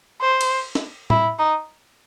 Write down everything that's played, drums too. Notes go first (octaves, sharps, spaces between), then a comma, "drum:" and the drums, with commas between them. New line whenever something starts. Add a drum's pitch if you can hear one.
C5
drum: cymbal
drum: snare
E4, drum: tom A2
D#4